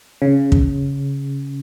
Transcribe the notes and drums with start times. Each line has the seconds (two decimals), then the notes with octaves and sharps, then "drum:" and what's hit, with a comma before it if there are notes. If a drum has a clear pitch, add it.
0.22 C#3
0.52 drum: kick